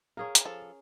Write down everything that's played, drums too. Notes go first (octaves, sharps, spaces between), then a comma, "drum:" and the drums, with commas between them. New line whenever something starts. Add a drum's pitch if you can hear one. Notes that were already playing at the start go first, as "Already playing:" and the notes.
C#4 G#4 A#4 F5
drum: hi-hat
F3 A4